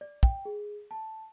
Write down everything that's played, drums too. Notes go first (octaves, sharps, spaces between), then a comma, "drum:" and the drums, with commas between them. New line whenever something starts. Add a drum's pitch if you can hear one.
D5
G5, drum: kick
G#4
A5